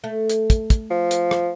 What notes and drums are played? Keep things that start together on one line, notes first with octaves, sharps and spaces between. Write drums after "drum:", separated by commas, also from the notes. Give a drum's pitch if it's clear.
A3
drum: hi-hat
drum: kick, hi-hat
drum: kick, hi-hat
F3
drum: hi-hat
drum: rim click